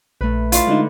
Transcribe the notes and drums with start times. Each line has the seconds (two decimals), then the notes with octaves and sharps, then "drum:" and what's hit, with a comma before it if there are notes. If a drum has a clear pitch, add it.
0.21 A#1 A3 B4
0.52 E4 F4 D5, drum: hi-hat
0.67 D3 G#3 D4 D#4